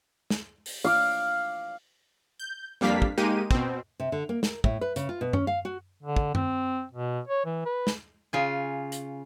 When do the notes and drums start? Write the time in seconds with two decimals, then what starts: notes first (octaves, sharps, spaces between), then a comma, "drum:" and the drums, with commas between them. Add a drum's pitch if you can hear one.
0.30 drum: snare
0.66 drum: open hi-hat
0.84 F5 D6
2.40 G6
2.81 F2 G3 A#3 D4 F5 B6
3.02 drum: kick
3.18 G#3 A#3 D#4 G4 D#7
3.51 B2 C4, drum: kick
4.00 C3
4.12 D3
4.29 A#3
4.43 A#4, drum: snare
4.64 A2, drum: kick
4.81 B4
4.96 C#3, drum: hi-hat
5.09 F4
5.21 B2
5.33 C#4, drum: tom F#2
5.47 F5
5.65 F#4
6.03 D3
6.16 drum: kick
6.35 C4, drum: tom F#2
6.92 B2
7.28 C#5
7.46 E3
7.66 B4
7.87 drum: snare
8.33 C#3 F4 G#5
8.92 drum: hi-hat